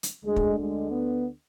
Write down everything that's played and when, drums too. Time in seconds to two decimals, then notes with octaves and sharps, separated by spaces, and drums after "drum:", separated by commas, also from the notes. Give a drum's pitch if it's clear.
0.03 drum: hi-hat
0.24 D2 D3 G#3
0.36 drum: kick
0.58 G#3
0.91 B3